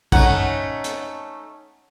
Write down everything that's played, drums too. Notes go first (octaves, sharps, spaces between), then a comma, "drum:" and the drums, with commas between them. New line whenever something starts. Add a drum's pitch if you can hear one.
A3 C#4 D#4 F#5, drum: kick
drum: hi-hat